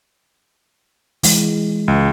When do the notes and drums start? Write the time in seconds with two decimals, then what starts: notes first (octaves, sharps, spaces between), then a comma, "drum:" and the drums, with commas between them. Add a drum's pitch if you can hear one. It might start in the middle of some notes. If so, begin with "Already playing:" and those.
1.23 E3 G#3, drum: open hi-hat
1.88 C#2